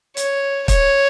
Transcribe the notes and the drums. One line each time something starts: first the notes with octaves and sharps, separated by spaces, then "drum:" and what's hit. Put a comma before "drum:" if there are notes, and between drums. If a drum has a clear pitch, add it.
C#5, drum: hi-hat
C#5, drum: kick, hi-hat